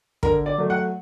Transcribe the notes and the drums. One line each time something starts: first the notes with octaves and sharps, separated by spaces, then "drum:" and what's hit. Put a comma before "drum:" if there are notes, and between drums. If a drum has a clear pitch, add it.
D3 A#4, drum: kick
D5
F#3 A3
F#5